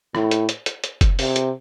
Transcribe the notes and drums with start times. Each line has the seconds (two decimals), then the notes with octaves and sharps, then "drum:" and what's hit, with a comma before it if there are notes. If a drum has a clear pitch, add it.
0.15 A2, drum: rim click
0.31 drum: hi-hat
0.49 drum: hi-hat
0.66 drum: hi-hat
0.84 drum: hi-hat
1.01 drum: kick F1, hi-hat
1.19 C3, drum: open hi-hat
1.36 drum: hi-hat